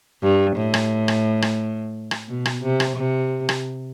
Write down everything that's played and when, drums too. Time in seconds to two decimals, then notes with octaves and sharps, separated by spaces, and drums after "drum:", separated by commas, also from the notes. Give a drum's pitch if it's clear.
0.23 G2
0.57 A2
0.74 drum: rim click
1.08 drum: rim click
1.42 drum: rim click
2.11 drum: rim click
2.28 B2
2.46 drum: rim click
2.62 C3
2.80 drum: rim click
2.97 C3
3.49 drum: rim click